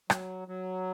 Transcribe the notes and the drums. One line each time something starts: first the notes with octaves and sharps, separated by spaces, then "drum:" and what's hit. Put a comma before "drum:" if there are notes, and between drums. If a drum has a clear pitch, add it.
F#3, drum: rim click
F#3